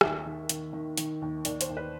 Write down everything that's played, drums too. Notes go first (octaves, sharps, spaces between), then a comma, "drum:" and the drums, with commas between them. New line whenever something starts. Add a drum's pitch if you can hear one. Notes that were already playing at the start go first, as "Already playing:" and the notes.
D#2 E5, drum: rim click
D#3
D#3, drum: hi-hat
D#3
D#3, drum: hi-hat
D#2
D#2 D5, drum: hi-hat
C5, drum: hi-hat
D#2
B4